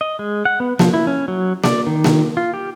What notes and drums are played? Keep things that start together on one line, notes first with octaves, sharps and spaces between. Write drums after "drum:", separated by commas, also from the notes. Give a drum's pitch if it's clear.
D#5
G#3
F#5
B3
F3, drum: snare A#3
E4
C#4
F#3
D5, drum: snare A#3
D#3
drum: snare A#3
F4
G4